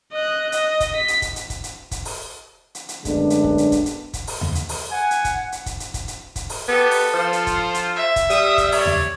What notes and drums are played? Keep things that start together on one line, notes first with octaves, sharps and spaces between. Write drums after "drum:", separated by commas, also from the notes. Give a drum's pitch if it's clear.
D#5 F#6
D#5, drum: hi-hat
drum: kick, hi-hat
B6
drum: hi-hat
drum: kick, hi-hat
drum: hi-hat
drum: kick, hi-hat
drum: hi-hat
drum: kick, hi-hat
drum: open hi-hat
drum: hi-hat
drum: hi-hat
F#2 D3 G#3 A3 B3 D4, drum: kick, hi-hat
drum: hi-hat
drum: kick
drum: hi-hat
drum: kick, hi-hat
drum: hi-hat
drum: kick, hi-hat
drum: open hi-hat
drum: tom D#2
drum: hi-hat
drum: open hi-hat
F#5 G#5
drum: hi-hat
drum: kick, hi-hat
drum: hi-hat
drum: kick, hi-hat
drum: hi-hat
drum: kick, hi-hat
drum: hi-hat
drum: kick, hi-hat
drum: open hi-hat
B3 G4 A4
drum: open hi-hat
F3 F4 C5
drum: hi-hat
drum: kick, hi-hat
drum: hi-hat
E5
drum: kick, hi-hat
G3 D#6, drum: hi-hat
drum: kick, hi-hat
C#5 D5, drum: open hi-hat
drum: tom D#2